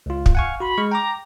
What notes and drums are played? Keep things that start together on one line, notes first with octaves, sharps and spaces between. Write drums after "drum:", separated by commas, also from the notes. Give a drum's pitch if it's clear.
C#2 F4
drum: kick
F5 F#5 G#5 C#6
F#4 B5 C6
G#3 C#6 F6
G5 A#5 D6